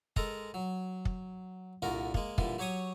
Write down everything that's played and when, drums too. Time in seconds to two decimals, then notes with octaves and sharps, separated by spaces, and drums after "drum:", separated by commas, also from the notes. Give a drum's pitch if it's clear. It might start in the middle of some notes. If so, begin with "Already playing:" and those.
0.16 G#3 A4 A#4 A#5, drum: kick
0.54 F#3
1.05 drum: kick
1.82 C2 A#2 D3 F#4 A#4
2.14 G#3 A#3, drum: kick
2.38 A#2 D3 E3 G3, drum: kick
2.58 F#3 G4 C#5 C#6 D#6